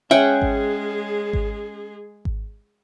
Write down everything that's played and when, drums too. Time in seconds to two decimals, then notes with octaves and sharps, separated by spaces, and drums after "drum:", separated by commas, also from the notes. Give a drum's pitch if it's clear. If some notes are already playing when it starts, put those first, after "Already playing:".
0.11 G#3 C#4 G#4 E5 F#5 G5
0.42 drum: kick G#1
1.33 drum: kick G#1
2.25 drum: kick G#1